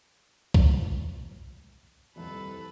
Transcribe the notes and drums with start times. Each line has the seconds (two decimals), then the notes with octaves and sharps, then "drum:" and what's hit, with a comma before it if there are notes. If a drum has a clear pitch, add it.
0.54 drum: kick C2
2.16 D#1 C2 F2 A4 B4